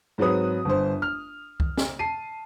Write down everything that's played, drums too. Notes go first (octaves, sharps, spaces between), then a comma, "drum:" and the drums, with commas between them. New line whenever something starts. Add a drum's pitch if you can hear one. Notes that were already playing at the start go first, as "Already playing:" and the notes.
G#2 F#3 C4 B4 D#6
G1 C5
F6
drum: kick C2
drum: snare
A5 C7 D#7